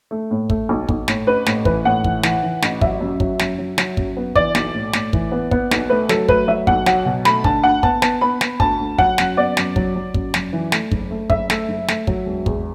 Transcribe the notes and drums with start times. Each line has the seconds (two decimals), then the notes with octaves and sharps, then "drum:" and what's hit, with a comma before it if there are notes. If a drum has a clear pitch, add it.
0.11 A3
0.31 A2
0.50 A3, drum: kick
0.69 B1
0.89 B1, drum: kick
1.08 A2, drum: snare
1.27 A1 B4
1.46 A2, drum: snare
1.65 E3 B4, drum: kick
1.85 A2 F#5
2.04 E3, drum: kick
2.23 E3, drum: snare
2.43 E3
2.62 A1, drum: snare
2.81 F#3 E5, drum: kick
3.01 F#2
3.20 F#3, drum: kick
3.39 F#2, drum: snare
3.58 F#3
3.78 F#3, drum: snare
3.97 F#2, drum: kick
4.17 B3
4.36 E3 D5, drum: kick
4.55 B1, drum: snare
4.75 A2
4.93 A2, drum: snare
5.13 E3, drum: kick
5.32 B3
5.51 B3, drum: kick
5.71 B1, drum: snare
5.90 A3 B4
6.09 F#3 A4, drum: snare
6.28 A3 B4, drum: kick
6.48 F#3 E5
6.67 B1 F#5, drum: kick
6.86 F#3 F#5, drum: snare
7.05 B2
7.25 A3 B5, drum: snare
7.44 D3 A5, drum: kick
7.63 D2 F#5
7.83 B3 A5, drum: kick
8.02 B3 A5, drum: snare
8.21 B3 B5
8.41 B3, drum: snare
8.60 D2 A5, drum: kick
8.79 D2
8.98 F#3 F#5, drum: kick
9.18 F#2, drum: snare
9.37 B3 D5
9.57 F#2, drum: snare
9.76 F#3, drum: kick
9.95 F#3
10.14 F#2, drum: kick
10.34 F#2, drum: snare
10.53 E3
10.72 A3, drum: snare
10.92 F#1, drum: kick
11.11 A3
11.30 F#1 E5, drum: kick
11.50 A3, drum: snare
11.69 F#1
11.88 A3, drum: snare
12.07 F#3, drum: kick
12.26 E1
12.46 E2, drum: kick